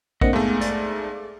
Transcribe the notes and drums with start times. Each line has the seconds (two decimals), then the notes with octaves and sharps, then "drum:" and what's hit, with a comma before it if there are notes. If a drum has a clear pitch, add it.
0.21 A#3 C4 D4 D#5 F#5, drum: kick
0.33 G#2 A3 B3 G#4 A4 F5
0.61 D5, drum: hi-hat